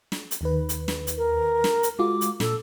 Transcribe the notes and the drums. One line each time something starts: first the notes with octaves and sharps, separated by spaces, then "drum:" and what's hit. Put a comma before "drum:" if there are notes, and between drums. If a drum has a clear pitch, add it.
drum: snare
drum: hi-hat
D#2 D#3 B4
drum: hi-hat
drum: snare
drum: hi-hat
A#4
drum: snare
drum: hi-hat
G#3 F4 F#4 D6
drum: hi-hat
A#2 A4, drum: snare